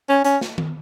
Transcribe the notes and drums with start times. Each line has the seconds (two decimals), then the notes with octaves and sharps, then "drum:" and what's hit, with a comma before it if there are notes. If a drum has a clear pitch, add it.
0.09 C#4
0.24 C#4, drum: hi-hat
0.41 drum: snare
0.58 drum: tom D#3